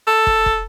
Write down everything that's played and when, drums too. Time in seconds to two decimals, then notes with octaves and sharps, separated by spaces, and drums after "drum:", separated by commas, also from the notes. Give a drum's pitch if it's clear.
0.07 A4
0.27 drum: kick
0.46 drum: kick